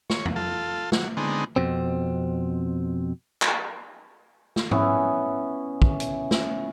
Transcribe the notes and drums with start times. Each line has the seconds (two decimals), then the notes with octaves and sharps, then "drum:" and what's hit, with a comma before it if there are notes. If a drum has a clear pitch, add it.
0.10 C#5, drum: snare
0.25 drum: tom
0.36 F4 A4
0.92 F#3, drum: snare
1.17 D3 G#3 B3 C4 D#4
1.56 F2 B2 C4
3.42 drum: clap
4.56 drum: snare
4.71 B3 C#4 E4 F#5, drum: tom G#2
5.82 drum: kick
6.00 drum: hi-hat
6.31 drum: snare